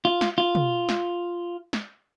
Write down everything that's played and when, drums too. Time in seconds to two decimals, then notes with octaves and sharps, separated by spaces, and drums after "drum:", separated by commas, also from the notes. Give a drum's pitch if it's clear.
0.05 F4
0.21 drum: snare
0.38 F4
0.55 drum: tom
0.89 drum: snare
1.73 drum: snare